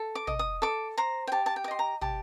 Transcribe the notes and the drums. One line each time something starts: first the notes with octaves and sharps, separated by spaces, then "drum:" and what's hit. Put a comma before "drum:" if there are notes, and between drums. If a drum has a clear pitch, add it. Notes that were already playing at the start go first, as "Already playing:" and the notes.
Already playing: A4
D6
D#5, drum: tom
D#6
A4 D6
C5 A#5
G5
G4 A5
A5
G5
D6
D#5 C6
A#5
G4 A5, drum: tom